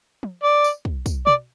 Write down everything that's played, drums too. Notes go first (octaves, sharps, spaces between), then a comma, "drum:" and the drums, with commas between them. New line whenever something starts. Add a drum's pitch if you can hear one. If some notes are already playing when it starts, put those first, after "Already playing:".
drum: tom
D5
drum: tambourine
drum: kick
drum: kick, tambourine
D5, drum: tom